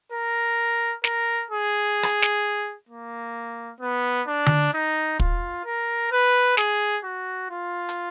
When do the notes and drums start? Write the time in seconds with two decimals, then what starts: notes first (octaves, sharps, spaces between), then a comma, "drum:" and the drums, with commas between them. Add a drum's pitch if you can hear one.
0.12 A#4
1.04 A#4, drum: snare
1.50 G#4
2.03 drum: rim click
2.22 drum: snare
2.89 A#3
3.80 B3
4.27 D4
4.46 drum: tom D3
4.73 D#4
5.20 F4, drum: kick
5.65 A#4
6.11 B4
6.57 G#4, drum: snare
7.04 F#4
7.50 F4
7.89 drum: hi-hat